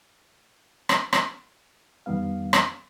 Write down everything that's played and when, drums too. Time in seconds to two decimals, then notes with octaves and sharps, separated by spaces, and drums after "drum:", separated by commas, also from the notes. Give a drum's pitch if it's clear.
0.89 drum: rim click
1.13 drum: rim click
2.06 F2 D#3 G3 B3 F5
2.53 drum: rim click